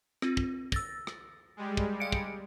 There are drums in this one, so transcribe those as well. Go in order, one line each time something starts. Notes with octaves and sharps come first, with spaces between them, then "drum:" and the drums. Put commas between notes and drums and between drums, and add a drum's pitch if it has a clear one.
C4 F4, drum: rim click
drum: kick
E6 A6 A#6, drum: kick
drum: rim click
G3 G#3
drum: kick
F5 C#7 D7
drum: kick